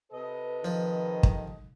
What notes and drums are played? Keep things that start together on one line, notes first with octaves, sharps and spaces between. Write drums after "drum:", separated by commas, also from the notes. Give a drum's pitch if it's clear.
C3 A4 B4 D#5
D#3 F3
drum: kick